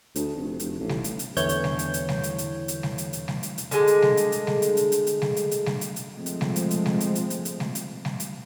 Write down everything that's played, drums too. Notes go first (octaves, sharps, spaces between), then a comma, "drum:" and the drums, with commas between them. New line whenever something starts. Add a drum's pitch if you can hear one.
D2, drum: hi-hat
F1
F1, drum: hi-hat
A1
drum: snare G3
drum: hi-hat
drum: hi-hat
E2 D3 E3 C#5 G6, drum: hi-hat
drum: hi-hat
drum: snare G3
drum: hi-hat
drum: hi-hat
drum: snare G3
drum: hi-hat
drum: hi-hat
drum: hi-hat
drum: snare G3
drum: hi-hat
drum: hi-hat
drum: snare G3
drum: hi-hat
drum: hi-hat
D3 G#3, drum: hi-hat
drum: hi-hat
drum: snare G3
drum: hi-hat
drum: hi-hat
drum: snare G3
drum: hi-hat
drum: hi-hat
drum: hi-hat
drum: hi-hat
drum: snare G3
drum: hi-hat
drum: hi-hat
drum: snare G3
drum: hi-hat
drum: hi-hat
F3 G#3 A3 C4
drum: hi-hat
drum: snare G3
drum: hi-hat
drum: hi-hat
drum: snare G3
drum: hi-hat
drum: hi-hat
drum: hi-hat
drum: hi-hat
drum: snare G3
drum: hi-hat
drum: snare G3
drum: hi-hat